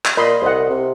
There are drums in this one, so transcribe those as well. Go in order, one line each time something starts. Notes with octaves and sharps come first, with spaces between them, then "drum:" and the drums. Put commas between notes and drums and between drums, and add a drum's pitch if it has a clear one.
drum: clap
A#2 D#5 B5 C6
C2 C5 D#5 F#5
C3